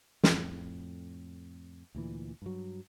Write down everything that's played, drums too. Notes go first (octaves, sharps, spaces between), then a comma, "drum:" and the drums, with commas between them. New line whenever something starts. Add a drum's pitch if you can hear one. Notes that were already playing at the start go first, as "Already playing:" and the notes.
F2 A2, drum: snare
D2 A#2 E3
G2 F#3